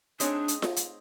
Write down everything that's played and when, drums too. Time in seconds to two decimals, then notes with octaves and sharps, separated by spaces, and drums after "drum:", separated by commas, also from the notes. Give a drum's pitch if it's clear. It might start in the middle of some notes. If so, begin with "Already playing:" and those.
0.20 A3 C4 D4 D#4 G#4 C#5, drum: hi-hat
0.48 drum: hi-hat
0.62 drum: snare F4
0.76 drum: hi-hat